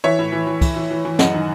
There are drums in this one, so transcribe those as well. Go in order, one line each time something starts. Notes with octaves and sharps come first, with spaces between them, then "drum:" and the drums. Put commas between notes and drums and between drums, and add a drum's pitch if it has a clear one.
E3 C#5 E5
A2
E3
E3
E3, drum: kick, cymbal
E3
E3
E3
F#2 D#5 F#5, drum: snare
D#3